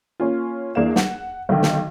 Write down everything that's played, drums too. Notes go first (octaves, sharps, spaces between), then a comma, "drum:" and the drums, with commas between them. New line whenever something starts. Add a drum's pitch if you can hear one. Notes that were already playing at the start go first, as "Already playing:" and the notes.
A#3 C#4 F4
E2 A#3 D4 E4 F5 E7
F#5, drum: snare
B1 D3 D#3
drum: snare